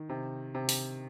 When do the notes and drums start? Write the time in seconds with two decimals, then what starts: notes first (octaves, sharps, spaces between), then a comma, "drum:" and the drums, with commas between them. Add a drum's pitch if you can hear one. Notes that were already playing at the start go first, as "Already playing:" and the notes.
Already playing: D#3
0.09 C3
0.55 C3
0.69 drum: open hi-hat